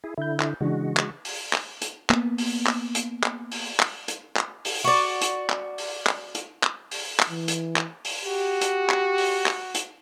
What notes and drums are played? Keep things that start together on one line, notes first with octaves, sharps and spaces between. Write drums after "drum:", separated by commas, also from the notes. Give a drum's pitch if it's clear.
E4 G#4
D3 E4 E5 G6
drum: clap
C#3 E3 G#3 D4 F#4
drum: clap
drum: open hi-hat
drum: clap
drum: hi-hat
A#3 B3, drum: clap
drum: open hi-hat
drum: clap
drum: hi-hat
drum: clap
drum: open hi-hat
drum: clap
drum: hi-hat
drum: clap
drum: open hi-hat
F#4 D5
drum: hi-hat
drum: clap
drum: open hi-hat
drum: clap
drum: hi-hat
drum: clap
drum: open hi-hat
drum: clap
E3
drum: hi-hat
drum: clap
drum: open hi-hat
F#4 G4
drum: hi-hat
drum: clap
drum: open hi-hat
drum: clap
drum: hi-hat